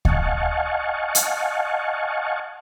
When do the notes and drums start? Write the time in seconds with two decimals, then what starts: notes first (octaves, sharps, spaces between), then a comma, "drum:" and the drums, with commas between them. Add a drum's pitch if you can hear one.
0.05 D#5 F5 F#5 G#5 A5 C#6, drum: kick D2
1.15 drum: hi-hat